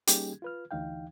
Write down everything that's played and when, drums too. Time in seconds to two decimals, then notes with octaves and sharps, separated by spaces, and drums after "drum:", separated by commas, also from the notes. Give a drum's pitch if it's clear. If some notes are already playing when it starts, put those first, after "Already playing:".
0.07 G3 A#3 C#4 D#4 G4 G#4, drum: hi-hat
0.42 F4 B4 F6
0.71 D2 E3 D#4 F5 G5